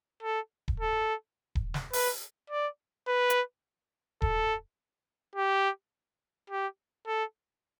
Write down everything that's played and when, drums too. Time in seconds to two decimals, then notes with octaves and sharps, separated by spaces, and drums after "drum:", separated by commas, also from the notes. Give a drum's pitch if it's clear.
0.23 A4
0.68 drum: kick D#1
0.80 A4
1.55 drum: kick D#1
1.74 drum: snare
1.93 B4, drum: open hi-hat
2.51 D5
3.08 B4
3.30 drum: hi-hat
4.22 A4, drum: kick D#1
5.36 G4
6.50 G4
7.07 A4